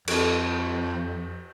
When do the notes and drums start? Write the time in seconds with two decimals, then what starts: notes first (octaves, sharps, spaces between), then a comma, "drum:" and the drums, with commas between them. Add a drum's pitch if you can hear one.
0.08 F2, drum: cymbal